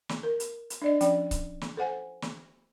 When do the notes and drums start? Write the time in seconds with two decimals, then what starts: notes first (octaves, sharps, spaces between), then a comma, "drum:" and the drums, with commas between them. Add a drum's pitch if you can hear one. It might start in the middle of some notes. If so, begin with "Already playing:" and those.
0.09 drum: snare
0.23 A#4
0.40 drum: hi-hat
0.70 drum: hi-hat
0.82 D4 D5 D#5
1.01 F3 C#4 D5 G5, drum: hi-hat
1.31 drum: kick C#1, hi-hat
1.61 drum: snare
1.77 A4 C5 F#5 G#5
2.22 drum: snare